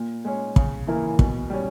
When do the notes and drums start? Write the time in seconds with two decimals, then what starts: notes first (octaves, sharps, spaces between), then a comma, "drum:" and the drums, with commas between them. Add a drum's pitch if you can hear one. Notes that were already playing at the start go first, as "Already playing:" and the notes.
Already playing: A#2
0.25 G#3 C#4
0.56 C#3, drum: kick
0.87 E3 A#3 E4 A#4
1.19 B2, drum: kick
1.50 G3 C#4